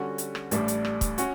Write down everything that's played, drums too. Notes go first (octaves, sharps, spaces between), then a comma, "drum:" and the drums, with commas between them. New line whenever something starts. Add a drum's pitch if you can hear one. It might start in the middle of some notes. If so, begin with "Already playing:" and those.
Already playing: D3 G3 C#4 F#4
drum: hi-hat
drum: rim click
A1 A2 G3 D4, drum: hi-hat
drum: hi-hat
drum: rim click
drum: kick, hi-hat
C#4 F#4, drum: hi-hat